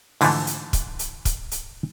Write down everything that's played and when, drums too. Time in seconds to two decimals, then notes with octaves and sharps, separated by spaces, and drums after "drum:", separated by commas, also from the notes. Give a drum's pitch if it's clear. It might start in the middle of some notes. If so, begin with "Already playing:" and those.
0.21 G#2 D3 E3 F3 A3, drum: open hi-hat
0.47 drum: hi-hat
0.73 drum: kick, hi-hat
0.99 drum: hi-hat
1.25 drum: kick, hi-hat
1.51 drum: hi-hat